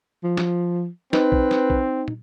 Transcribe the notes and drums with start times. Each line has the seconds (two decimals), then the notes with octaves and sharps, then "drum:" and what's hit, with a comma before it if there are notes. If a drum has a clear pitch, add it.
0.23 F3
0.37 drum: snare
1.13 C4 D#4 B4, drum: snare
1.32 drum: kick A#1
1.51 drum: snare
1.70 drum: kick A#1
2.08 drum: tom